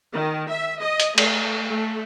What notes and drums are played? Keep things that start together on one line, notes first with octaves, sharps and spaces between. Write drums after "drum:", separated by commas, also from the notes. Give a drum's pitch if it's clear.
D#3
E5
D#5
drum: hi-hat
A3, drum: cymbal
A3